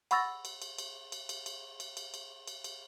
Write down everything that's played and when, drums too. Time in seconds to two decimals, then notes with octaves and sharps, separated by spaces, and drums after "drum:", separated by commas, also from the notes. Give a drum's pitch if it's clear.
0.11 F#5 B5 C#6 E6 A6 A#6, drum: cymbal
0.45 drum: cymbal
0.62 drum: cymbal
0.78 drum: cymbal
1.12 drum: cymbal
1.29 drum: cymbal
1.46 drum: cymbal
1.80 drum: cymbal
1.97 drum: cymbal
2.14 drum: cymbal
2.47 drum: cymbal
2.64 drum: cymbal